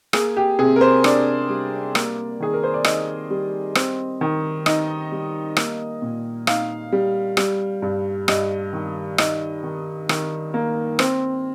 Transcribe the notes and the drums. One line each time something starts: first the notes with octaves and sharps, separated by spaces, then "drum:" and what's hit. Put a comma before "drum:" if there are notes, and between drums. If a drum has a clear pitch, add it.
A#3 G#4, drum: rim click
G4
C3 G#4
A#4
C5
D4 D5, drum: rim click
G3
A#3, drum: rim click
D#3 G#4
A#4
C5
D5
D#4 D#5, drum: rim click
G3
C4, drum: rim click
D#3
D#4 D#5, drum: rim click
G3
A#3, drum: rim click
A#2
D#4 F5, drum: rim click
G3
G3, drum: rim click
G2
G2 D#5, drum: rim click
D#3
D#4 D#5, drum: rim click
D#3
D#3, drum: rim click
A#3
C4, drum: rim click